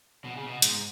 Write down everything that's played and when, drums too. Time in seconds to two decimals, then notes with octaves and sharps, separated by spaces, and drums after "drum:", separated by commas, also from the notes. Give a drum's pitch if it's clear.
0.25 B2
0.36 C#3
0.47 B2
0.62 G#2, drum: hi-hat